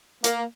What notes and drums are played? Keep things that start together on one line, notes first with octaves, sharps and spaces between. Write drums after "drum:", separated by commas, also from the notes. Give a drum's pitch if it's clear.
A#3, drum: hi-hat